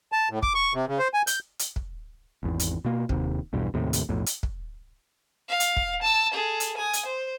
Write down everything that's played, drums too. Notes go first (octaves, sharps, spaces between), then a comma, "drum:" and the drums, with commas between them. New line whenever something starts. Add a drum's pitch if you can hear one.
A5
A2
D6, drum: kick
C#6
C3
C#3
C5
G#5
G6, drum: hi-hat
drum: hi-hat
drum: kick
G#1 E2
drum: hi-hat
B2 A#3
D#2 C3, drum: kick
B1 E2 G2 B2
D#2 A2 C3
drum: hi-hat
B1 F2 A2
drum: hi-hat
drum: kick
F5
drum: hi-hat
drum: kick
A5 E6
G#4 A4
drum: hi-hat
G#5 D#6
drum: hi-hat
C5